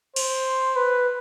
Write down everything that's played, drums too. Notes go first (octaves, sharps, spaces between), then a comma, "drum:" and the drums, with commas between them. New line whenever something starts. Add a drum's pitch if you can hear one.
C5, drum: cymbal
B4